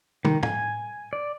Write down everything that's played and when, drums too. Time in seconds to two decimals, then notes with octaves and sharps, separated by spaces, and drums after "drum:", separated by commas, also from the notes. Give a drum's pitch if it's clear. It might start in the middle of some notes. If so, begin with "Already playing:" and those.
0.25 D#3, drum: tom
0.43 G#5, drum: tom
1.13 D5